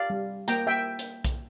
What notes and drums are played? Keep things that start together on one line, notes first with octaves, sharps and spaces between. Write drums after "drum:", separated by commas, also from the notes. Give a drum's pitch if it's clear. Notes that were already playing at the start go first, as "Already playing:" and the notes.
Already playing: G4 D5 F5
G3
A#3 G5 A#5, drum: hi-hat
E5 G5
drum: hi-hat
drum: kick B1, hi-hat